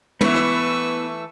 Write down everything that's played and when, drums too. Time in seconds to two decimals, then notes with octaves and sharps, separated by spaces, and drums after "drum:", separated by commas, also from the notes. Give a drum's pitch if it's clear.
0.21 E3 A3 B3 E4 B4 C#6 E6, drum: tom
0.34 drum: rim click